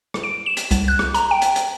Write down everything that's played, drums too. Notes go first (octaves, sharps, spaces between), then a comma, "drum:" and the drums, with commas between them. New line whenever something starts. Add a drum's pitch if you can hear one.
drum: rim click
D7
E7
drum: hi-hat
C2, drum: hi-hat
F#6
drum: rim click
A#5, drum: hi-hat
G5
drum: hi-hat
drum: hi-hat